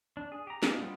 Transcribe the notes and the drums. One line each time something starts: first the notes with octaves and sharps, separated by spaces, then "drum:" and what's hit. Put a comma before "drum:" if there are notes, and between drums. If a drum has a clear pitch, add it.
D4
G#4
G4 A#5
D4 D#4 F4, drum: snare
G3 G#3 B3 C4 F4